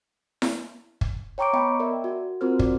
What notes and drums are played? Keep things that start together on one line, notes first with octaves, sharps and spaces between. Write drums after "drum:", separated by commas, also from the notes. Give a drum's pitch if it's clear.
drum: snare E4
drum: kick
C#5 G5 A#5 C#6 D6 D7
B3 D#5 G5 B5
A#4 D5 E5
F#4
C4 F4 F#4 A#4 C5 F6
D5, drum: kick